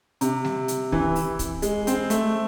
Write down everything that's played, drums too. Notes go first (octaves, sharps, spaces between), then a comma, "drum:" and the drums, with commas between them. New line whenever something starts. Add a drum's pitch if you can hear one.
C3, drum: hi-hat
drum: snare G3
drum: hi-hat
E3, drum: kick
drum: open hi-hat
drum: kick, hi-hat
G#3, drum: hi-hat
C4, drum: hi-hat
A3, drum: hi-hat